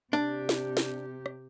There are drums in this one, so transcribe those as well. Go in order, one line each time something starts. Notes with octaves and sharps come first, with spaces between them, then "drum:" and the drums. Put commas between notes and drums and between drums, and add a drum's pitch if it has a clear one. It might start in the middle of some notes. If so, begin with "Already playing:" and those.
C3 D4 G4
drum: snare
drum: snare
drum: rim click